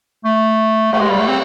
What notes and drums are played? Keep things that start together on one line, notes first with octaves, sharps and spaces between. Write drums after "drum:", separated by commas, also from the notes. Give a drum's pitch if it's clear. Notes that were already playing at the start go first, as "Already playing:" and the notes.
A3
A3, drum: cymbal
G#3
G3
A3
C4